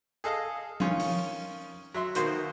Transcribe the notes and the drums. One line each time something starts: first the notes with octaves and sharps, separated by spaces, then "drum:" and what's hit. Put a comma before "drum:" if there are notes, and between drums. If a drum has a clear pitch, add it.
G#4 A4 D#5 F5
D#3 C#4 F4, drum: tom F3
drum: open hi-hat
F#3 E5 C6
B2 D#3 A#3 F#4 C5, drum: hi-hat